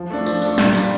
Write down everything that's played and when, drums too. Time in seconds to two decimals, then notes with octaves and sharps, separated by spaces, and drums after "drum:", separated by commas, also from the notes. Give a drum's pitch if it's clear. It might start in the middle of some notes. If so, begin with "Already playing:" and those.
Already playing: F3
0.10 A3 D4
0.26 F3, drum: tambourine
0.42 A3 D4, drum: tambourine
0.58 A#2, drum: snare
0.75 G3 D4, drum: tambourine